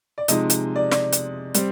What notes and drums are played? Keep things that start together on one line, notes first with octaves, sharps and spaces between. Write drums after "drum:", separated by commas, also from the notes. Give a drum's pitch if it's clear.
D5
C3 F3 G#3 D#4 D#5, drum: hi-hat
drum: hi-hat
D5
D5, drum: snare
drum: hi-hat
G3 C4, drum: hi-hat